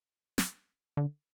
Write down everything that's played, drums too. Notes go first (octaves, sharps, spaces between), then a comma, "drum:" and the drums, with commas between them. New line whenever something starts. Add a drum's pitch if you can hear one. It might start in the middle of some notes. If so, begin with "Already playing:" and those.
drum: snare
D3